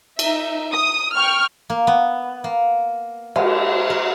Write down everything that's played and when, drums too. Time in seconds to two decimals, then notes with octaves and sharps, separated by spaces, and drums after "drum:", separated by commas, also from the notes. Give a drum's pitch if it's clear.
0.19 D#4 E5, drum: cymbal
0.72 D#6
1.15 G5 C#6 F6
1.70 A#3
1.87 B3
2.44 A#3
3.36 G#3, drum: cymbal
3.90 A#4